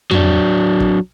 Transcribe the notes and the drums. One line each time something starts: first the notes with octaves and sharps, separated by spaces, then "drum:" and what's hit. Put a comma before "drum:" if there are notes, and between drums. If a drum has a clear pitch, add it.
F#3 D4, drum: tom
drum: kick